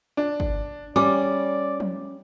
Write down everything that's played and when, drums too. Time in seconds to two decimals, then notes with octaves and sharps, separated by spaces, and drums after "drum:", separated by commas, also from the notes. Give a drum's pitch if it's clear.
0.17 D4
0.40 drum: kick
0.96 G3 C#4 D5 D6
1.80 drum: tom F3